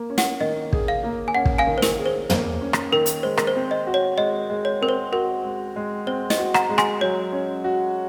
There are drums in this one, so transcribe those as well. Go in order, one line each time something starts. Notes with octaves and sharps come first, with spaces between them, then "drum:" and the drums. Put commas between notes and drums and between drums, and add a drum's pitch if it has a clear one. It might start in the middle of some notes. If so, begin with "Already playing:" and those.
Already playing: A#3
C#4
F#5, drum: snare
D#3 D#5
G#4, drum: kick
F5
A#3
G#5
C#4 F#5
drum: kick
F5 G#5
D#3
C5
A#4, drum: snare
G#4
C5
A#3 C5, drum: tom
C#4
drum: rim click
D#3 A#4
drum: hi-hat
G#3 C5
A#4, drum: rim click
C5
C4
D#5
F#4
C#5
G#3 D#5
G#3
C#5
C4 A#4
C5
F#4 A#4
G#3
G#3
C4 C5
D#5, drum: snare
F#4
F#5 A#5, drum: rim click
G#3
G#5 C6, drum: rim click
F#3 C#5
C#4
F#4